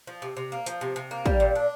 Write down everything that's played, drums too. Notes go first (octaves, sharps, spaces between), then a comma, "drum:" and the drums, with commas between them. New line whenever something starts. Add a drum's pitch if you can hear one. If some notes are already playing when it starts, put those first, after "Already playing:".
F3
C3
C3
A#3
F3, drum: hi-hat
C3
C3
A#3
G3, drum: kick
A#2
D4